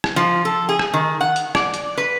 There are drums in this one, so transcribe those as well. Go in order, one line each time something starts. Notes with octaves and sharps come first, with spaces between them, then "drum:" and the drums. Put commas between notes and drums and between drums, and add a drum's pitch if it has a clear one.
drum: rim click
F3
A4
G#4
drum: rim click
D#3
F#5
drum: hi-hat
D5, drum: rim click
drum: hi-hat
B4